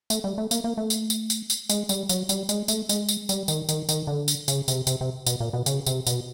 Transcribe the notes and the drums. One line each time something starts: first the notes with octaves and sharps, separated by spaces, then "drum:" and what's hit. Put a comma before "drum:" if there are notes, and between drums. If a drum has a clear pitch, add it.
A3, drum: tambourine
G3
A3
A#3, drum: tambourine
A#3
A3
drum: tambourine
drum: tambourine
drum: tambourine
drum: tambourine
G#3, drum: tambourine
G3, drum: tambourine
F#3, drum: tambourine
G3, drum: tambourine
G#3, drum: tambourine
A3, drum: tambourine
G#3, drum: tambourine
drum: tambourine
G3, drum: tambourine
D#3, drum: tambourine
D#3, drum: tambourine
D#3, drum: tambourine
D3
drum: tambourine
C#3, drum: tambourine
C3, drum: tambourine
C3, drum: tambourine
C3
B2, drum: tambourine
A#2
B2
C#3, drum: tambourine
C3, drum: tambourine
B2, drum: tambourine